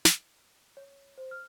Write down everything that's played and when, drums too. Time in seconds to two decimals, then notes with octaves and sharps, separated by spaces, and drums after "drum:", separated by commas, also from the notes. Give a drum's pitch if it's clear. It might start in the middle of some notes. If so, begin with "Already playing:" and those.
0.05 drum: snare
0.77 C#5
1.18 C5
1.31 F6